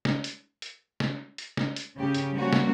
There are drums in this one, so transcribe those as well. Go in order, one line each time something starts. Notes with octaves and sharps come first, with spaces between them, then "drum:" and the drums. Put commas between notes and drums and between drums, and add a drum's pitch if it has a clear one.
drum: snare
drum: hi-hat
drum: hi-hat
drum: snare
drum: hi-hat
drum: snare
drum: hi-hat
C#3 C#4 G4
drum: hi-hat
F3 G3 A#3 C#4 F#4
drum: snare